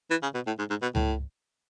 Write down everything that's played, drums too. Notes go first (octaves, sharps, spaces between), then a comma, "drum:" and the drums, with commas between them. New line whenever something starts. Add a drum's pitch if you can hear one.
E3
C#3
B2
A2
G#2
G#2
B2
A2, drum: tom C#2